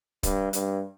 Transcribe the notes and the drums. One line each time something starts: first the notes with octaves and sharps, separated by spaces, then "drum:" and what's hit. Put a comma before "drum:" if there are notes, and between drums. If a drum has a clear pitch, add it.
G2, drum: kick, hi-hat
G2, drum: hi-hat